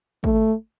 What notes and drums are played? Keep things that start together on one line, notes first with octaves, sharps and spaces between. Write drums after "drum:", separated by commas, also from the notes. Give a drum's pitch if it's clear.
A3, drum: kick